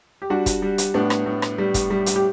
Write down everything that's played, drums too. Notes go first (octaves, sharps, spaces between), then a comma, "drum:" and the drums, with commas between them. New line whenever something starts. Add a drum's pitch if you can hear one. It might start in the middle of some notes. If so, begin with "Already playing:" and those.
G4
G3 D4 F#4
drum: kick, hi-hat
G3
drum: hi-hat
A2 B3 D4
drum: rim click
A2
drum: rim click
G3
drum: kick, hi-hat
G3
drum: hi-hat
G4